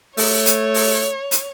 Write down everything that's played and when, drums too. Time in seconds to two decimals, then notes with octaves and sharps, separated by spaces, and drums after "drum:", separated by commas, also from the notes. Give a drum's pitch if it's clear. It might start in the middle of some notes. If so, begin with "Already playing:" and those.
0.17 A3 C#5, drum: open hi-hat
0.46 drum: hi-hat
0.74 drum: open hi-hat
1.31 drum: hi-hat